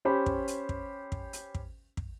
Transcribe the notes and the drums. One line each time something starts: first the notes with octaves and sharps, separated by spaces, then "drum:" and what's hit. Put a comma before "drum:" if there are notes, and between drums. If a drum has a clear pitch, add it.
C#4 G4 C5 B5
drum: kick
drum: hi-hat
drum: kick
drum: kick
drum: hi-hat
drum: kick
drum: kick